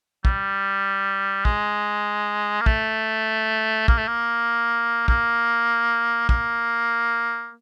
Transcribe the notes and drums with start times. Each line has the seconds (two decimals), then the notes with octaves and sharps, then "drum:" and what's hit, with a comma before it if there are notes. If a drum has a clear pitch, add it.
0.25 G3, drum: kick
1.45 G#3, drum: kick
2.61 A#3
2.66 A3, drum: kick
3.88 A#3, drum: kick
3.98 A3
4.08 A#3
5.08 A#3, drum: kick
6.29 A#3, drum: kick